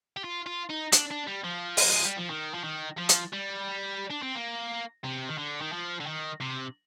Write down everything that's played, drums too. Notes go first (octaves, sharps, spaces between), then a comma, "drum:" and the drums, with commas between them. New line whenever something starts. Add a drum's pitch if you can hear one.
G4
F4
F4
D#4
D4, drum: hi-hat
D4
G3
F3
A#3, drum: open hi-hat
G#3
G3
F3
D#3
F3
D#3
F3
drum: hi-hat
G3
D4
C4
A#3
C3
D#3
D3
D#3
F3
D3
D#3
C3